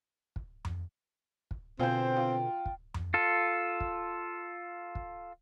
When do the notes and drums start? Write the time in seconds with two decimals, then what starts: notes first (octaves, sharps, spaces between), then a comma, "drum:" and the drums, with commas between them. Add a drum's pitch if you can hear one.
0.36 drum: kick
0.65 drum: tom F2
1.51 drum: kick
1.79 B2 D3 C4 F4 C5 G5 G#5
2.17 F4
2.66 drum: kick
2.94 drum: tom F2
3.14 F4 A4
3.80 drum: kick
4.95 drum: kick